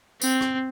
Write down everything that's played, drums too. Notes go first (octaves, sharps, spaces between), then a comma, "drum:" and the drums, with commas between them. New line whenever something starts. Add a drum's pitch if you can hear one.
C4, drum: tambourine
drum: rim click